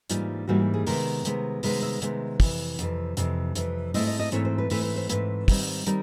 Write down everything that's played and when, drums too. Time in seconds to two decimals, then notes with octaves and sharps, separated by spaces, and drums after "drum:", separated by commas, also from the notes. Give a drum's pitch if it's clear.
0.10 G#2 E3 G3 A#3 D#4 F4, drum: hi-hat
0.47 G#2 E3 G3 A#3 D#4 F#4
0.74 G#4
0.87 C3 D#3 G#3 B3 A#4, drum: open hi-hat
1.25 C3 D#3 G#3 B3, drum: hi-hat
1.63 C3 D#3 G#3 B3 B4, drum: open hi-hat
1.83 E5
2.02 C3 D#3 G#3 B3, drum: hi-hat
2.40 F2 C3 E3, drum: kick, open hi-hat
2.79 F2 C3 E3, drum: hi-hat
3.17 F2 C3 E3, drum: hi-hat
3.55 F2 C3 E3, drum: hi-hat
3.94 G#2 E3 A3 C4 E4 D#5, drum: open hi-hat
4.07 D#5
4.19 D#5
4.32 G#2 E3 A3 C4 E4 C#5, drum: hi-hat
4.45 C5
4.58 B4
4.70 G#2 E3 A3 C4 E4 B4, drum: open hi-hat
4.83 C5
4.96 C5
5.09 G#2 E3 A3 C4 E4 B4, drum: hi-hat
5.48 G#2 D#3 G3 C4 D#4, drum: kick, open hi-hat
5.86 D#3 G3 C4 D#4 A#4, drum: hi-hat